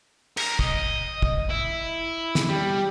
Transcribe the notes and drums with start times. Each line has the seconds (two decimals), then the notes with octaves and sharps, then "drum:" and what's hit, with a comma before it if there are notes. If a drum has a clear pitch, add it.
0.37 A#4, drum: cymbal
0.59 D#5, drum: kick
1.22 drum: kick
1.50 E4
2.35 drum: snare
2.49 G3